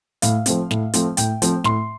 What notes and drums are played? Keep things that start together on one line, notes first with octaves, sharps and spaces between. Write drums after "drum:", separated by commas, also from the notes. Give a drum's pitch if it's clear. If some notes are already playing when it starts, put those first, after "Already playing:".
A2 F5, drum: hi-hat
F3 A3 C4, drum: hi-hat
A2, drum: snare
F3 A3 C4, drum: hi-hat
A2 G5, drum: hi-hat
F3 A3 C4, drum: hi-hat
A2 C6, drum: snare